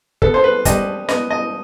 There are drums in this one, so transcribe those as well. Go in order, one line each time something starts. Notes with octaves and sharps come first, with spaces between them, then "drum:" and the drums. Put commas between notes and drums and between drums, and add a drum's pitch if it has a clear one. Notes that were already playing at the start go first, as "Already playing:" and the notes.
B3 A4, drum: kick
C5
B4
G3 D#5, drum: kick, hi-hat
B3 D#5, drum: snare
D#5